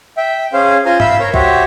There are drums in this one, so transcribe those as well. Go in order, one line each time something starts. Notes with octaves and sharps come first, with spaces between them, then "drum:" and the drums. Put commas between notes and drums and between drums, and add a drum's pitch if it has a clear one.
E5 G5
C#4 G#4 C5 F5
F4 C5 G#5 A#5 C6
E5 F5 B5 E6 G6, drum: tom G2
A#4 C#5 A#5
F#4 G4 C5 C#5 E5, drum: kick B1